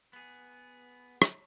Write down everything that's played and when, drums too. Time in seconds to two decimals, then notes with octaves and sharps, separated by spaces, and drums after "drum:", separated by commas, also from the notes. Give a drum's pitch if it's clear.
0.13 B3 G#4
1.22 drum: rim click